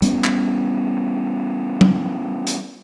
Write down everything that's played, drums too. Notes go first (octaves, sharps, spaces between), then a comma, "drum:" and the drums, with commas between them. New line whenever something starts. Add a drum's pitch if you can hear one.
G3 B3 C#4, drum: hi-hat
drum: clap
drum: tom F#3
drum: hi-hat